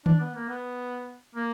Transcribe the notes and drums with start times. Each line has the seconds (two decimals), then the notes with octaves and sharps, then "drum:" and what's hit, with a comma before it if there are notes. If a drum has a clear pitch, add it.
0.06 D4, drum: tom D#3
0.20 B3
0.35 A#3
0.49 B3
1.35 A#3